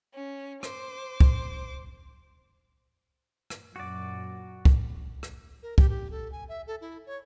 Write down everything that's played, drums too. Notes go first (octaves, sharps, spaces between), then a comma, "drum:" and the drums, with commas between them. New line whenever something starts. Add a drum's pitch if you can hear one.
C#4
C5 D6, drum: rim click
drum: kick
drum: rim click
F#2 A#2 F#3 F#4 D5
drum: kick
drum: rim click
A#4
G4, drum: kick
G4
A4
G#5
E5
A4
E4
C#5